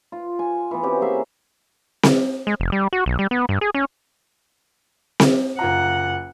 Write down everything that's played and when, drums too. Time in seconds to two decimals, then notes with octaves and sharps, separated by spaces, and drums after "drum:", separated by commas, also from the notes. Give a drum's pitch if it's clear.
0.12 F4
0.39 G#5
0.71 E3 B3
0.83 C4 C#4 F#4 G4
1.01 A#3 G#4 E5
2.03 drum: snare C4
2.47 G#3
2.60 F1
2.72 G3
2.93 F#4
3.06 B1
3.19 G3
3.31 B3
3.49 G2
3.61 G#4
3.74 C#4
5.20 drum: snare C4
5.59 F#1 F4 F#5 A#5